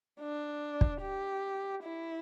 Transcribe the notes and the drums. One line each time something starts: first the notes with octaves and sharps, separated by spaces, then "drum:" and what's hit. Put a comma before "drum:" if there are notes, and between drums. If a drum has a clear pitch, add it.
D4
drum: kick
G4
E4